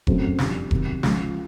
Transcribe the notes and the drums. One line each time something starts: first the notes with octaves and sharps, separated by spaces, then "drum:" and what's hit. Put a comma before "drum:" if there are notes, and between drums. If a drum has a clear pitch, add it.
F#2 C#3 F#3 A3 C4, drum: kick F1
F2 D3 G3, drum: snare
C3 D#3 F#3, drum: kick F1
C#2 C#3 F3, drum: snare